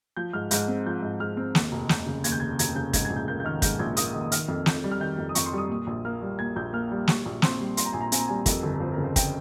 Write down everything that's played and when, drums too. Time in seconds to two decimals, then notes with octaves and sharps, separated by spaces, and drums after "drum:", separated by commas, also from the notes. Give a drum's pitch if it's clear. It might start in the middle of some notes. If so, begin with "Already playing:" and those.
0.17 F3 G6
0.33 G#2 F6
0.51 G#2 G6, drum: hi-hat
0.68 C4
0.86 F3 G6
1.03 G#2
1.20 G#2 F6
1.37 C4
1.55 D#2, drum: snare
1.72 F1
1.89 F1 G6, drum: snare
2.06 C#3
2.24 D#2 G#6, drum: hi-hat
2.32 G6
2.40 F1 G#6
2.59 F1 G#6, drum: hi-hat
2.75 C#3 G6
2.93 G#2 G#6, drum: kick, hi-hat
3.05 A#1 G#6
3.16 G6
3.28 A#3 G6
3.40 G6
3.44 D#3 F6
3.62 G#2 G6, drum: kick, hi-hat
3.79 A#1 G#6
3.97 A#3 D#6, drum: hi-hat
4.14 D#3
4.32 D#3 F6, drum: hi-hat
4.48 F2
4.66 F2 G6, drum: snare
4.84 G3
4.91 F6
5.01 D#3 G6
5.18 F2
5.29 D#6
5.35 F2 C#6, drum: hi-hat
5.46 C6
5.53 G3 D#6
5.69 A#2
5.87 A#1
6.05 A#3 F6
6.22 G3
6.39 A#2 G#6
6.56 A#1 G6
6.73 A#3 F6
6.91 G3
7.08 A#2 C#6, drum: snare
7.26 A#1
7.42 C4 C6, drum: snare
7.60 G3
7.77 A#2 C6, drum: hi-hat
7.85 A#5
7.93 A#1 G#5
8.01 A#5
8.12 C4 G#5, drum: hi-hat
8.20 A#5
8.28 G3 G#5
8.46 F2 A#4, drum: kick, hi-hat
8.63 G1
8.80 F3 C5
8.93 C#3 A#4
9.04 C5
9.16 G5, drum: kick, hi-hat